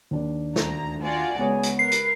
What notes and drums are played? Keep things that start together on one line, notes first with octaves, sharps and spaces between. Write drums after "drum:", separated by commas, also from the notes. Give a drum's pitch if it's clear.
D#2 D4
D2 A#5, drum: snare
A3 F4 F#4 D5 G#5
C#2 B3 G#4 C#5 G#5
drum: hi-hat
A#4 B4 C7
drum: hi-hat